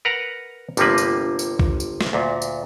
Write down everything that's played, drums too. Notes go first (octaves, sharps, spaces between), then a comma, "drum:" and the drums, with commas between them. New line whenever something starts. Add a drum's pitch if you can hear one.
A#4 B4 F#5 A#5
G1 C3 F3 G3 A#3 B4, drum: tambourine
drum: tambourine
drum: tambourine
drum: kick
drum: tambourine
drum: snare
D2 A#2
drum: tambourine